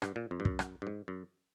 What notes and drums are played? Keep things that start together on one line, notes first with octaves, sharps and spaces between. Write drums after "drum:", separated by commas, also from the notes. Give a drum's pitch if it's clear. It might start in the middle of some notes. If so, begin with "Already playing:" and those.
G2, drum: rim click
A#2
F2
G2
F#2, drum: kick
drum: rim click
G2
G#2
F#2